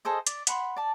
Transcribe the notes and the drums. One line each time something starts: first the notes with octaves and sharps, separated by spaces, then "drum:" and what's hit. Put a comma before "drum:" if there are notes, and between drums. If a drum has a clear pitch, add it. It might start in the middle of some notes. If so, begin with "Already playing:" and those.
G#4 A4 C5 D#5
D5, drum: hi-hat
F#5 B5 C6, drum: hi-hat
D5 A5